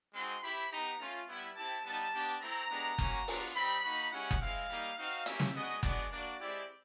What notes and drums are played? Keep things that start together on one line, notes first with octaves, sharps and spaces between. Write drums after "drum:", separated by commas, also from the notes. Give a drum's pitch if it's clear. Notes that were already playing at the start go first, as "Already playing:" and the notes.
G#3 C4 D#4 F#4 C6
C4 E4 G4 B5
B3 D#4 G4 A#5
A3 C#4 F4
G3 B3 E4
C4 E4 G4 A5
G3 B3 D#4 A5
B3 D4 G4
A3 C4 E4 A#5
G#3 B3 D4 G4
A#3 C#4 F#4, drum: kick F#1
B3 D4 F4, drum: open hi-hat
G3 C4 D#4 G4 B5
A#3 D#4 F#4
G#3 C#4 E4 G4 F#5
drum: kick F#1
G#3 C4 E4 F5
G3 A#3 D#4
C4 D#4 F#4 F5
A#3 C#4 E4 G4 E5, drum: hi-hat
drum: snare
G#3 B3 D4 F#4 D#5
G#3 B3 D4 F#4 D5, drum: kick F#1
A#3 D4 F#4 D5
G#3 C4 E4 G4 D5